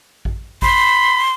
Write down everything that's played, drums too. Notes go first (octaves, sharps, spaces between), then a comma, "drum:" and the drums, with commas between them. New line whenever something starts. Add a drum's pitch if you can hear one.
drum: kick A1
B5 C6, drum: kick A1